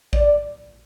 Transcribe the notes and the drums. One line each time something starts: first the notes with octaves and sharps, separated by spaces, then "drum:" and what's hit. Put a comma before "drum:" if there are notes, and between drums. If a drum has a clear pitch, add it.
D5, drum: kick